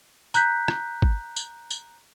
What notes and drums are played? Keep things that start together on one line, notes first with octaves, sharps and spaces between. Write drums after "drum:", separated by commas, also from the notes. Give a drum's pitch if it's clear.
A#5 F#6 G6 B6, drum: tambourine
drum: rim click
drum: kick
drum: tambourine
drum: tambourine